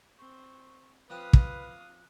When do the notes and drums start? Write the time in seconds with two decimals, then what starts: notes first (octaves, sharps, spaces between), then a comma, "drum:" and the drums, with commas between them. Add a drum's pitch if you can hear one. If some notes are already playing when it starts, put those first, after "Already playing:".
0.18 C4 C#6
1.10 F3 C4 G4 B4 F5 D#6 F#6
1.33 drum: kick